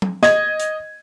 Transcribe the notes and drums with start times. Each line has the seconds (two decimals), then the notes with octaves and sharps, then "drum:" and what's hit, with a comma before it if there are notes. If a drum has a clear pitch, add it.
0.02 drum: tom F#3
0.23 D#5 G#6, drum: snare
0.60 drum: hi-hat